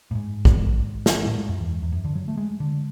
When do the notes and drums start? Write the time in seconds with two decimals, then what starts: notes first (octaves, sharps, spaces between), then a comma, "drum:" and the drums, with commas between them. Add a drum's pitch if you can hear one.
0.11 A2
0.15 G#2
0.45 drum: kick A1
1.06 drum: snare
1.26 A2
1.37 G#2
1.49 F#2
1.60 E2
1.82 E2
1.92 F#2
2.04 D3
2.15 F#3
2.28 A3
2.37 G#3
2.60 D3